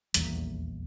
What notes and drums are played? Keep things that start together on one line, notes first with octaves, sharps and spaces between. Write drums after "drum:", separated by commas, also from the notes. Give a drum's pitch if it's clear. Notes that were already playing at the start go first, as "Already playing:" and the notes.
D#1 A#1 E2 A#2, drum: hi-hat